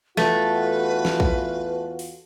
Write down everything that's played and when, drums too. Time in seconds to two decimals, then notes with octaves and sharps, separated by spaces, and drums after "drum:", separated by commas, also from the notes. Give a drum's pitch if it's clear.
0.17 E2 A3 F4 F#4 B4, drum: snare
1.05 drum: snare
1.20 drum: kick
1.99 drum: open hi-hat